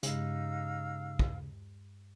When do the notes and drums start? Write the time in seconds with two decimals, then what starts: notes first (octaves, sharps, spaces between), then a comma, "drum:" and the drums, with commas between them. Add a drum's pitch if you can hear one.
0.03 G2 C#3 G#3 D#4 F5 E6, drum: hi-hat
1.19 drum: kick